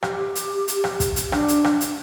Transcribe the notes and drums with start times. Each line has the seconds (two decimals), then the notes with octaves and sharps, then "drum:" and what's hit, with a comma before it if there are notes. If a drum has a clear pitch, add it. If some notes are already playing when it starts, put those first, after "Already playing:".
0.03 G4, drum: rim click
0.35 drum: hi-hat
0.68 drum: hi-hat
0.84 drum: rim click
1.00 drum: kick, hi-hat
1.16 drum: hi-hat
1.32 D4, drum: rim click
1.48 drum: hi-hat
1.64 drum: rim click
1.81 drum: hi-hat